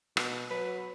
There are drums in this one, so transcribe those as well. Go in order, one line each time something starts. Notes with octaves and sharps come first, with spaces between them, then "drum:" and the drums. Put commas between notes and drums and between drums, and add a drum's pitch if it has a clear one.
B2, drum: rim click
F#3 B4